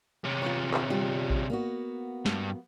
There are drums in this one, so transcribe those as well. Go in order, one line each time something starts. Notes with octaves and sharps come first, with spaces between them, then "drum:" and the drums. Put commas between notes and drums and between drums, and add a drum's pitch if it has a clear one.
C3 C#4
F4 B4 C#5
drum: clap
G3 F4
drum: kick A1
A#3 B3 F#4
G2, drum: snare